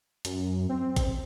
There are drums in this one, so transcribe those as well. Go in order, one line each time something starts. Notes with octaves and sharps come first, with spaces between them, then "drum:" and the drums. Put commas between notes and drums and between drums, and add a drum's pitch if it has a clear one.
F#2, drum: hi-hat
C4
drum: kick G#1, hi-hat